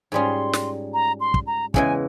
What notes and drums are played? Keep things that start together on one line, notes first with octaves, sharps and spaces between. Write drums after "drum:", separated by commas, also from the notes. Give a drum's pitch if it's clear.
G#2 G3 C#4 F4 G#4 C6
drum: snare
A#5
C6
drum: kick
A#5
E2 C#3 E3 G#3 G#5, drum: kick